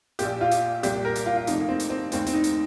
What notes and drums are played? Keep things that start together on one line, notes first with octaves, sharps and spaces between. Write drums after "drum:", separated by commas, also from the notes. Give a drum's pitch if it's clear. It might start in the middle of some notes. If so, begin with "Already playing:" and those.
A#1 A#2 G4, drum: hi-hat
F4
drum: hi-hat
C2 A#2 G4, drum: hi-hat
A#4
drum: hi-hat
F4
F4
F1 F2 C3 D#4, drum: hi-hat
A#3
C4
drum: hi-hat
C4
F1 D#2 D#3 C4, drum: hi-hat
C4, drum: hi-hat
D#4
drum: hi-hat